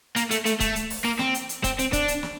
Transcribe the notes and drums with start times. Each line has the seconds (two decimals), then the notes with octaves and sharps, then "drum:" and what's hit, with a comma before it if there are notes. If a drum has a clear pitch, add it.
0.16 A#3, drum: hi-hat
0.31 A3, drum: hi-hat
0.46 A3, drum: hi-hat
0.60 A3, drum: kick, hi-hat
0.75 drum: hi-hat
0.90 drum: open hi-hat
1.05 A#3
1.19 C4, drum: snare
1.34 drum: hi-hat
1.49 drum: hi-hat
1.64 C4, drum: kick, hi-hat
1.79 C4, drum: hi-hat
1.93 D4, drum: kick, hi-hat
2.08 drum: hi-hat
2.23 drum: snare